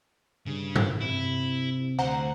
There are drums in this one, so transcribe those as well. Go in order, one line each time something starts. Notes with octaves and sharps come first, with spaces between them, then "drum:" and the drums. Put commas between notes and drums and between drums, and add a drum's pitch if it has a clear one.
G2 C#3
drum: tom
C3 E4
D2 C5 F#5 A#5